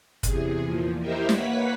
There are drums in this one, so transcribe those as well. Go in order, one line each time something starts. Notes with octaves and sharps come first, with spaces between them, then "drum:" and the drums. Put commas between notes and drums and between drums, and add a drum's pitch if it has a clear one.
E2 C3 G#4, drum: kick, hi-hat
E2 A#2 F3
D#4 E4 G4 A#4 C5 E5
A#3 B4 C#5 F#5 B6, drum: snare